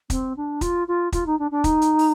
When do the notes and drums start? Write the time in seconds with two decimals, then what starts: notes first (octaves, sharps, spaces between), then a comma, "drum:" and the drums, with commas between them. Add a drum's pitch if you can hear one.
0.10 C4, drum: kick, hi-hat
0.36 D4
0.61 F4, drum: kick, hi-hat
0.87 F4
1.12 F4, drum: kick, hi-hat
1.26 D#4
1.39 D4
1.51 D4
1.64 D#4, drum: kick, hi-hat
1.82 drum: hi-hat
1.99 drum: open hi-hat